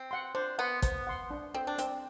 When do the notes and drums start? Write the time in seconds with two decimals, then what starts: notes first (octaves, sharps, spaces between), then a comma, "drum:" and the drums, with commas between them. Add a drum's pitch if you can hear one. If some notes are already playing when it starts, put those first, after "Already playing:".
Already playing: C4
0.11 F#5 C6
0.35 D4 C5
0.58 B3 F#5 C6
0.82 B3 C5, drum: kick, hi-hat
1.07 F#5 C6
1.31 D4
1.54 C4 A4 C5
1.67 D4
1.78 C4 D4, drum: hi-hat